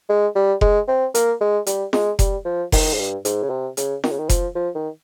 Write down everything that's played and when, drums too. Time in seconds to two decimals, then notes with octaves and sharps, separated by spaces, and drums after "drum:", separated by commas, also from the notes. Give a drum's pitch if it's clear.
0.09 G#3
0.36 G3
0.61 G#3, drum: kick F1
0.88 C4
1.15 A#3, drum: hi-hat
1.41 G#3
1.66 G3, drum: hi-hat
1.93 G#3, drum: snare F4
2.19 G3, drum: kick F1, hi-hat
2.45 F3
2.72 D#3, drum: kick F1, open hi-hat
2.94 G#2
2.99 G2
3.25 G#2, drum: hi-hat
3.43 C#3
3.50 C3
3.77 C#3, drum: hi-hat
4.04 D#3, drum: snare F4
4.11 C#3
4.19 D#3
4.29 F3, drum: kick F1, hi-hat
4.55 F3
4.75 D#3